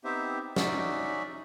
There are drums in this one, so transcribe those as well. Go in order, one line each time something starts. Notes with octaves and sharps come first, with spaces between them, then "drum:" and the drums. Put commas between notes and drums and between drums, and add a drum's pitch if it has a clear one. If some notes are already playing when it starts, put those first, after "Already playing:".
B3 C4 D#4 G4 C5 E5
C#4 D#4 F#4 D5 E5, drum: snare